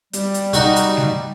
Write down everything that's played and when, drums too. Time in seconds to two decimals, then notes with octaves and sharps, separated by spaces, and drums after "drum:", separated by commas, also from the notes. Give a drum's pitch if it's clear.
0.13 G3, drum: hi-hat
0.34 drum: hi-hat
0.53 D#4 F#4, drum: hi-hat
0.76 drum: hi-hat
0.97 drum: snare G3